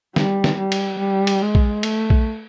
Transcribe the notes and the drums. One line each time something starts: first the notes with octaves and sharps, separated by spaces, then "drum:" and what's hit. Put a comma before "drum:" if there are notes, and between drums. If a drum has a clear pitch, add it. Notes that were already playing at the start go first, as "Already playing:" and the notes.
G3, drum: snare
drum: snare
G3
drum: cymbal
G3
drum: cymbal
G#3
drum: kick A#1
A3, drum: cymbal
drum: kick A#1